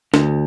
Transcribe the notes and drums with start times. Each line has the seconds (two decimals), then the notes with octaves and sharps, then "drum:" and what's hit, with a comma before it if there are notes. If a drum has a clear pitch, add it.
0.14 D2, drum: snare